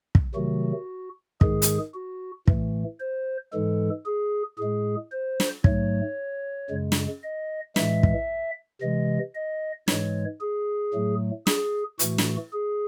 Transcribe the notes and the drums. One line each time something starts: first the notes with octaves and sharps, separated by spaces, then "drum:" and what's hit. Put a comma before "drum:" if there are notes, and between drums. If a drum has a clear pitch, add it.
drum: kick
C3 D#3 F#3 A3 F#4
G#2 D#3 G#3 G#4, drum: kick
drum: hi-hat
F#4
A2 E3 A3, drum: kick
C5
G#2 E3 G#3 A4
G#4
A2 G#3 G#4
C5
drum: snare
G#2 F#3 A3 C#5, drum: kick
F#2 C#3 G#3
drum: snare
D#5
A2 E3 G#3 E5, drum: snare
drum: kick
C3 E3 G#3 D#5
D#5
G#2 E3 G#3 C#5, drum: snare
G#4
A2 F#3 A3
G#4, drum: snare
A2 E3 A3 F#4, drum: hi-hat
drum: snare
G#4